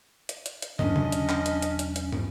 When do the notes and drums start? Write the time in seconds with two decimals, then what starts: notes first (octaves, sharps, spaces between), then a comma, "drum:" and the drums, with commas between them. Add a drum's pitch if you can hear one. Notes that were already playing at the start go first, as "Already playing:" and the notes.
0.29 drum: hi-hat
0.46 drum: hi-hat
0.62 drum: hi-hat
0.79 E1 D3 F#3 C#4 D4 D#5, drum: tom
0.96 drum: tom C3
1.12 drum: hi-hat
1.29 drum: clap
1.46 drum: hi-hat
1.62 drum: hi-hat
1.79 drum: hi-hat
1.96 drum: hi-hat
2.12 drum: tom